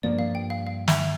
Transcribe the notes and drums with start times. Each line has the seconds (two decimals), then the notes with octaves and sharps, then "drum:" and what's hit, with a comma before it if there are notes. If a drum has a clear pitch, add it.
0.03 G2 F3 A#3 D5
0.19 F5
0.35 G5
0.50 F5
0.67 F5
0.88 E5, drum: snare